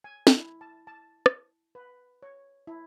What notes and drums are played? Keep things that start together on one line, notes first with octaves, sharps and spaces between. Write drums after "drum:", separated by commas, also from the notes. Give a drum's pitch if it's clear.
G#5
drum: snare
E4
A5
A5
drum: rim click
B4
C#5
E4